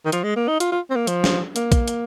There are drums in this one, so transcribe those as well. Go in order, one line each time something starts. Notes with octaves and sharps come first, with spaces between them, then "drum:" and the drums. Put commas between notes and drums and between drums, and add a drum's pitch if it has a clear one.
D#3
F3, drum: hi-hat
G#3
A#3
D#4
F4, drum: hi-hat
F4
C4
A#3
F3, drum: hi-hat
drum: snare
A#3, drum: hi-hat
drum: kick, hi-hat
drum: hi-hat